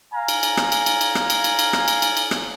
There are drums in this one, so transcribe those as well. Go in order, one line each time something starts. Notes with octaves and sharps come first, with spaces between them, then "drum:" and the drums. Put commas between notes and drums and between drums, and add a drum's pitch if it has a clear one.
F5 G#5 A#5
drum: cymbal
drum: cymbal
drum: rim click
drum: cymbal
drum: cymbal
drum: cymbal
drum: rim click
drum: cymbal
drum: cymbal
drum: cymbal
drum: rim click
drum: cymbal
drum: cymbal
drum: cymbal
drum: rim click